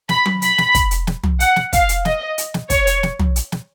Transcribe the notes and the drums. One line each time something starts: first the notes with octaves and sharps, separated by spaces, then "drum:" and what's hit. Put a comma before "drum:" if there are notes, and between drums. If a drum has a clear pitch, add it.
B5, drum: snare
drum: tom F#3
B5, drum: hi-hat
drum: snare
drum: kick, hi-hat
drum: hi-hat
drum: snare
drum: tom
F#5, drum: hi-hat
drum: snare
F5, drum: kick, hi-hat
drum: hi-hat
D#5, drum: snare
drum: hi-hat
drum: snare
C#5, drum: kick, hi-hat
drum: hi-hat
drum: snare
drum: tom
drum: hi-hat
drum: snare